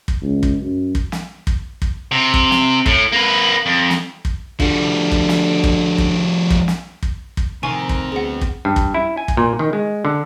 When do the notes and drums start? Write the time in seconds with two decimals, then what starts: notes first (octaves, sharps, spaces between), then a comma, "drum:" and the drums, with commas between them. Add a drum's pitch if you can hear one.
0.08 drum: kick
0.22 C#2
0.43 drum: kick
0.60 F#2
0.95 drum: kick
1.12 drum: snare
1.47 drum: kick
1.82 drum: kick
2.12 C3
2.34 drum: kick
2.51 drum: snare
2.86 A2, drum: kick
3.12 A#3 B4
3.66 F2
3.90 drum: snare
4.25 drum: kick
4.60 D3 F3 G3, drum: kick
5.12 drum: kick
5.29 drum: snare
5.64 drum: kick
5.98 drum: kick
6.50 drum: kick
6.68 drum: snare
7.03 drum: kick
7.37 drum: kick
7.63 A2 C3 D#3 C4 F5 G#5 A#5 C#6
7.89 drum: kick
8.12 D2 B3 G#4 F#5
8.41 drum: kick
8.65 G2
8.76 drum: kick
8.94 E4
9.17 G#5
9.28 drum: kick
9.37 A#2
9.59 D#3
9.73 G#3
10.05 D3